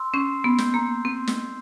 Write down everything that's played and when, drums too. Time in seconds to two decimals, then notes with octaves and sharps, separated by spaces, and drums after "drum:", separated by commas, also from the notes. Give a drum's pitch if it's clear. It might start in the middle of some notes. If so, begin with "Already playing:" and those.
Already playing: C6 E6
0.14 C#4 C7
0.44 B3
0.58 G6, drum: snare
0.74 A#3
1.05 C4 C6
1.27 drum: snare